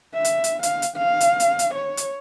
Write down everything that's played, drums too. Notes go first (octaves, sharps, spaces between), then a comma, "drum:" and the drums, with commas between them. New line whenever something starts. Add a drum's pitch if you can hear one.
E5
drum: hi-hat
drum: hi-hat
F5, drum: hi-hat
drum: hi-hat
F5
drum: hi-hat
drum: hi-hat
drum: hi-hat
C#5
drum: hi-hat